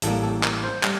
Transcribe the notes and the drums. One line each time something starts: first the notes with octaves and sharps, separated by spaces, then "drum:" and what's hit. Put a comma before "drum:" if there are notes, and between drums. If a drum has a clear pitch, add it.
A1 A2 G3 A#3 A4, drum: hi-hat
A4
A#4, drum: clap
C5
G3, drum: clap